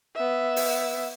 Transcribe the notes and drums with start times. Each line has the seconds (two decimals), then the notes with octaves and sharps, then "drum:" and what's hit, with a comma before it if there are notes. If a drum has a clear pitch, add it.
0.15 B3 E5
0.56 drum: open hi-hat